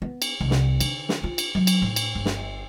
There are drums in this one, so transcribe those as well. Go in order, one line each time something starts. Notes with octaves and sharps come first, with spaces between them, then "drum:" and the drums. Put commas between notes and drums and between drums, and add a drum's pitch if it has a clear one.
B3
drum: cymbal
C2
drum: snare
D3, drum: cymbal
drum: snare
F4
drum: cymbal
F#3
drum: cymbal
A2
drum: cymbal
G1
drum: snare